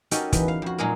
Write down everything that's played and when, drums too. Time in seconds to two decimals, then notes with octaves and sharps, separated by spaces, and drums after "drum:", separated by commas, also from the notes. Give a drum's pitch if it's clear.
0.11 C#4 D#4 F#4 G4 A4 A#4, drum: hi-hat
0.32 E2 B4, drum: kick, hi-hat
0.48 F5
0.62 F2 F#4
0.78 A#2 F#3 G#3 D#4 G#4 A#4